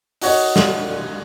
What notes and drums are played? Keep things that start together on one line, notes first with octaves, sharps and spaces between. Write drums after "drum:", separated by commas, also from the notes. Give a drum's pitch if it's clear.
D#4 F#4 C#5 D#5, drum: open hi-hat
drum: snare